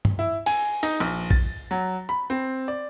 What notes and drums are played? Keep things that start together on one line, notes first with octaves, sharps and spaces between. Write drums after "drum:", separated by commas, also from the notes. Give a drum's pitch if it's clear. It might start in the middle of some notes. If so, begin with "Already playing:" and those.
drum: tom
E4
G#5, drum: cymbal
D#4, drum: cymbal
A#1
A6, drum: kick A#1
F#3
B5
C4
D5